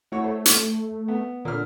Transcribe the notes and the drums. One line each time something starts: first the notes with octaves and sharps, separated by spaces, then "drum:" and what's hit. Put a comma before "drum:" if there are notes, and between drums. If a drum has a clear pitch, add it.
A3 E4 F#4 C#5
C5 C#5
drum: hi-hat
B3
A#2 D3 F6